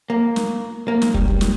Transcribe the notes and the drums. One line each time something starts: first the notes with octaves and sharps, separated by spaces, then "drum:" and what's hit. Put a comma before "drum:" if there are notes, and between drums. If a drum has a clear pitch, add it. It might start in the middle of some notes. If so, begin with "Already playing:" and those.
A#3
drum: snare
A#3
drum: snare
G3, drum: kick
drum: kick
drum: snare